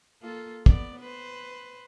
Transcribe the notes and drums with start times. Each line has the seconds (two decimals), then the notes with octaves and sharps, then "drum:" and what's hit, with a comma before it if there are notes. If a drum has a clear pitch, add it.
0.22 A#3 F4 A4
0.66 B3 D5, drum: kick
1.00 B4 C5